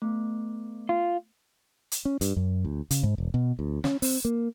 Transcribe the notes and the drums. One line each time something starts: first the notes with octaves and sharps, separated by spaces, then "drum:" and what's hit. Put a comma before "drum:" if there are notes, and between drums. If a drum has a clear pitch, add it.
A3 B3
F4
drum: hi-hat
C#4
G2, drum: hi-hat
F#2
D2
C#3, drum: hi-hat
G#2
E1
B2
D2
C#4, drum: snare
C4, drum: open hi-hat
A#3